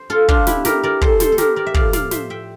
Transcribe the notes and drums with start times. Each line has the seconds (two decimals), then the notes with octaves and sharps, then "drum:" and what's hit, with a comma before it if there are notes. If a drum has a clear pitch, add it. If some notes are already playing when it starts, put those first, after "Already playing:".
Already playing: C5
0.10 F4 A4
0.28 D4 F4, drum: kick
0.47 E4 G4, drum: snare
0.65 G4 A#4, drum: snare
0.83 A#4 D5
1.01 A4 C5, drum: kick
1.20 A4 C5, drum: snare
1.32 A4
1.38 G4 A#4, drum: snare
1.56 A#4 D5
1.67 E5
1.74 A2 F3 D5 F5, drum: kick
1.93 D5 F5, drum: snare
2.11 C5 E5, drum: snare
2.30 E5 G5